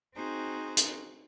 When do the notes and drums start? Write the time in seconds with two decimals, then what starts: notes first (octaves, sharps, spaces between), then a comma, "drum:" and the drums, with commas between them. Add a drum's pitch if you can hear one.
0.15 C4 D#4 F#4 G#4 C5
0.77 drum: hi-hat